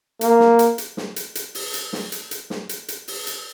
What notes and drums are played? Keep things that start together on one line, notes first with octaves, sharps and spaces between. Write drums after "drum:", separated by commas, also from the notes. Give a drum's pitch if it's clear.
A#3, drum: hi-hat
drum: snare
drum: hi-hat
drum: hi-hat
drum: snare
drum: hi-hat
drum: hi-hat
drum: open hi-hat
drum: hi-hat
drum: snare
drum: hi-hat
drum: hi-hat
drum: snare
drum: hi-hat
drum: hi-hat
drum: open hi-hat
drum: hi-hat